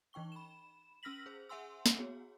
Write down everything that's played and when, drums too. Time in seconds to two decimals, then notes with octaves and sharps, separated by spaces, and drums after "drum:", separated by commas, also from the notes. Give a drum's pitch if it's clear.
0.13 E3 D#4 G5 C#6 G7
0.32 B5 E7
1.03 C#4 E6 F6 A#6 B6 F#7
1.26 G#4 C5
1.49 G#4 E5 F#5 G#5 C6 E6
1.86 drum: snare
1.99 B3 F#4 G#4 C#5